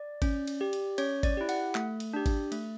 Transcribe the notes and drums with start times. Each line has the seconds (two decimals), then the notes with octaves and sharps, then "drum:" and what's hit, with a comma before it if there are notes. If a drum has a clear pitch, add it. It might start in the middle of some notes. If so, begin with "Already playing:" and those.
Already playing: D5
0.22 C#4, drum: kick G#1, cymbal
0.47 drum: cymbal
0.61 G4
0.73 drum: cymbal
0.98 C#4 C#5, drum: cymbal
1.23 D5, drum: kick G#1, cymbal
1.37 E4 G4
1.49 F#5, drum: cymbal
1.75 A3, drum: clap
2.00 drum: cymbal
2.14 D4 G4
2.26 drum: kick G#1, cymbal
2.52 A3, drum: cymbal